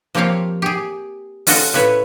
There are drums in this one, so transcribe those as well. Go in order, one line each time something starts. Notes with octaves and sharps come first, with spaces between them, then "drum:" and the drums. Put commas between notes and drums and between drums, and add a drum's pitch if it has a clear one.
F3 A#3 C4 G4 C#5 F5
G4 G#4
C#4 F4 F#4 A4 D#5, drum: open hi-hat
A2 C#3 B4 C#5 E5